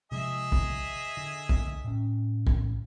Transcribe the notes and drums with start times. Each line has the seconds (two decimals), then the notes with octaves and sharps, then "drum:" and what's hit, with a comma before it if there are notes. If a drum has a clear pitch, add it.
0.12 C3 F3 G#3 G#4 D#5 E5
0.52 drum: kick
1.17 D3
1.49 drum: kick
1.84 A2 C#4
2.47 drum: kick